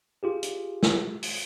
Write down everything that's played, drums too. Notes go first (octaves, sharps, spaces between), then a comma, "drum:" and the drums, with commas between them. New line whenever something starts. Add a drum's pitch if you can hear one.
F4 G4 G#4
drum: hi-hat
drum: snare
drum: open hi-hat